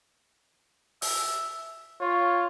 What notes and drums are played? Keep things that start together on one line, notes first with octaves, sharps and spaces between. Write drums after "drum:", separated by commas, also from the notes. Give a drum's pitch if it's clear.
E5, drum: open hi-hat
F4 C#5